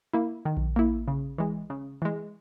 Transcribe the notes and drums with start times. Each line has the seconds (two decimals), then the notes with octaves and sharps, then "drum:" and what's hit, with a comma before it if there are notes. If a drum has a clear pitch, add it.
0.14 A#3 E4
0.45 D#3
0.57 drum: kick A#1
0.76 A#3 E4
1.08 C#3
1.38 E3 G#3
1.70 C#3
2.02 E3 G#3